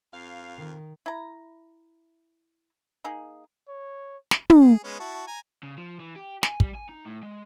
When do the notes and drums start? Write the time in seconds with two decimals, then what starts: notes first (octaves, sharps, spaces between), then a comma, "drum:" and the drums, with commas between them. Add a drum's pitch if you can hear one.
0.13 F2 F5
0.57 D#3
1.06 E4 A#5
3.04 A#3 D#4 G#4
3.68 C#5
4.31 drum: snare
4.50 drum: tom
4.61 G#4
4.84 G#3 B3 C#4
5.00 E4 F#4 A5
5.27 G#5 A#5
5.63 C#3
5.78 F3
6.00 E3
6.16 G4
6.43 G#5, drum: snare
6.60 G3, drum: kick
6.75 G#5
6.89 D#4
7.05 A2
7.23 G#3